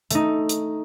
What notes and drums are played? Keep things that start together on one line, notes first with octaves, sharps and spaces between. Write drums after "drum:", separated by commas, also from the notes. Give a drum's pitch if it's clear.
A3 D#4, drum: hi-hat
drum: hi-hat